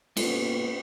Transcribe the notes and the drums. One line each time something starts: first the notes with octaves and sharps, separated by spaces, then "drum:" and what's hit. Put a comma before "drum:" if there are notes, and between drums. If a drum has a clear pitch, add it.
A#3 B3 F4 F#4 A4 B4, drum: cymbal